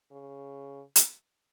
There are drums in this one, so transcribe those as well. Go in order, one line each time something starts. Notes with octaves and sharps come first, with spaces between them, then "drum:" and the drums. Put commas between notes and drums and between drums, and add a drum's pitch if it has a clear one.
C#3
drum: hi-hat